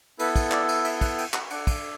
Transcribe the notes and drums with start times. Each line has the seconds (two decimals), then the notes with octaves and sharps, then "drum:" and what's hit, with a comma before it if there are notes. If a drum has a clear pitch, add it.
0.19 B3 E4 A4 B4, drum: cymbal
0.36 drum: kick, cymbal
0.52 D5, drum: clap
0.68 drum: cymbal
0.85 E5, drum: cymbal
1.01 F#5, drum: kick, cymbal
1.18 G5, drum: cymbal
1.34 F#5, drum: clap
1.50 D4 A4 F#5, drum: cymbal
1.67 drum: kick, cymbal